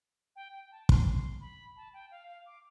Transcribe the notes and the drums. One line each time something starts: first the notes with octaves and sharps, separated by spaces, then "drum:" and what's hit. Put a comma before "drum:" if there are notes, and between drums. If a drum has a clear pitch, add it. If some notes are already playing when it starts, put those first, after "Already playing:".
G5
G5
A5
C6, drum: kick
C6
B5
A5
G5
F5
F5
D6